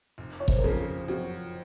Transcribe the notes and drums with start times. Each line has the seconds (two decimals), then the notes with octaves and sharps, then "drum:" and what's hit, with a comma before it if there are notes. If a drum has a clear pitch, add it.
0.18 F1
0.40 C#5
0.48 C5, drum: kick
0.56 A#4
0.64 F2 C#3 F3 A#3 A4
1.08 F2 F#4